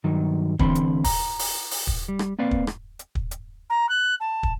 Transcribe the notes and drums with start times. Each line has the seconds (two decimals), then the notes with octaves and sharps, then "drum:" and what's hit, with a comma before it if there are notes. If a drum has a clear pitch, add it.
0.04 G2 D#3 F#3 D#4
0.59 D2 D3 E3 C4 B5 C6, drum: kick
0.75 drum: hi-hat
1.04 A#5, drum: kick, open hi-hat
1.39 drum: open hi-hat
1.71 drum: open hi-hat
1.87 drum: kick
2.08 G3
2.19 drum: rim click
2.39 A#3 C4 B4 D5 F5
2.51 drum: kick
2.67 drum: rim click
2.99 drum: hi-hat
3.15 drum: kick
3.31 drum: hi-hat
3.70 A#5
3.89 F#6
4.20 A5
4.43 drum: kick